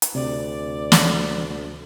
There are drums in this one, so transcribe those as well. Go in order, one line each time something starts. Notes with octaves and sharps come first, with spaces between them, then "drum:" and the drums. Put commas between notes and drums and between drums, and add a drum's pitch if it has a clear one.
drum: hi-hat
D2 C3 D5
drum: snare